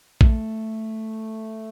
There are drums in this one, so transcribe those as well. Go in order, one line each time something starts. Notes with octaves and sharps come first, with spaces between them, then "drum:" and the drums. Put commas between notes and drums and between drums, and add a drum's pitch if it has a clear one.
A3, drum: kick A#1